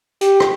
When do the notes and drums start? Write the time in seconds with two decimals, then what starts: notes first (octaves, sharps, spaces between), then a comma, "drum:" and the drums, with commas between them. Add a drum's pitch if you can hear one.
0.21 G4, drum: hi-hat
0.40 drum: rim click